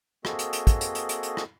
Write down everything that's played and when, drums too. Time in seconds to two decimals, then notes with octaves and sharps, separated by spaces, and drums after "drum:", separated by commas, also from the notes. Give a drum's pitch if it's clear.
0.25 A#3 C4 F#4 G#4 A4 D#5, drum: rim click
0.39 drum: hi-hat
0.53 drum: hi-hat
0.67 drum: kick, hi-hat
0.81 drum: hi-hat
0.95 drum: hi-hat
1.09 drum: hi-hat
1.23 drum: hi-hat
1.37 drum: rim click